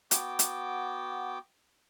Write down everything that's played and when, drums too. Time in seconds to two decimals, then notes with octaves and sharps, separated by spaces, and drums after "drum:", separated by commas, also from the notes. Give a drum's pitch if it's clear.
0.11 B3 F#4 G5 D6, drum: hi-hat
0.39 drum: hi-hat